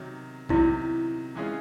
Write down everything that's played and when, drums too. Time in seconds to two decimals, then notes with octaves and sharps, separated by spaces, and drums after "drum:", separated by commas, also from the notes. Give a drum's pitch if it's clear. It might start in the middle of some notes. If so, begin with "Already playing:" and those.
Already playing: C3 D#3 F#3
0.49 C3 D#3 F#3 E4, drum: kick A#1
1.35 E3 G#3 C#4 F4 G#4